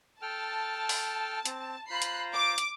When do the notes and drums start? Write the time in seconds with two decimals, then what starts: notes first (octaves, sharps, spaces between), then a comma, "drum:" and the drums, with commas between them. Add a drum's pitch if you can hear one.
0.22 A4 G5 A5 F6
0.89 drum: open hi-hat
1.45 C4, drum: hi-hat
1.91 F4 C5 A#5 B5 F#6 C7
2.02 drum: hi-hat
2.33 D6
2.58 drum: hi-hat